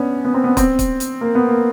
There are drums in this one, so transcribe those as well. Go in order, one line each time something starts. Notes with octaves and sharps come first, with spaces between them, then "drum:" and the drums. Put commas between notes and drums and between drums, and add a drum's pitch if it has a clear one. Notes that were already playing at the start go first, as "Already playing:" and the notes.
Already playing: B3 C#4 D4
B3
C4
B3
C4, drum: kick, hi-hat
drum: kick, hi-hat
drum: hi-hat
A#3
B3
A#3